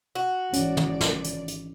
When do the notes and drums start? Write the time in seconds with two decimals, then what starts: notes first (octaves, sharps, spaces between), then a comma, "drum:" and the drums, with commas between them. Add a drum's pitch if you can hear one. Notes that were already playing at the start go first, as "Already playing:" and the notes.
0.15 F#4
0.53 G#1 E3 C#4 D5, drum: hi-hat
0.77 drum: tom
1.01 drum: snare
1.24 drum: hi-hat
1.48 drum: hi-hat